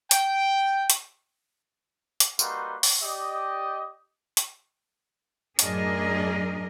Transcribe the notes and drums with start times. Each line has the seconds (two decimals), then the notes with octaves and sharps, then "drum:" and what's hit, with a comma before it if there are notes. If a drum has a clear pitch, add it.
0.11 G5, drum: hi-hat
0.90 drum: hi-hat
2.20 drum: hi-hat
2.39 G3 A#3 D#4 F#4 B4 C6, drum: tambourine
2.83 drum: open hi-hat
3.02 G4 D5 D#5
4.37 drum: hi-hat
5.59 F#2 A2 D4 G#4 A#4 D#5, drum: hi-hat